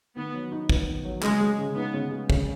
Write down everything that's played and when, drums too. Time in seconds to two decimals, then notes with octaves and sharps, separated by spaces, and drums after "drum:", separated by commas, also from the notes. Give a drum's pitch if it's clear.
0.16 D#3 B3
0.34 F#3
0.52 D#4
0.69 B3, drum: kick
0.87 D#3
1.05 F#3
1.23 C#3 G#3, drum: clap
1.41 G#3
1.59 C#3
1.76 B3 D#4
1.94 C#3
2.11 G#3
2.30 C#3, drum: kick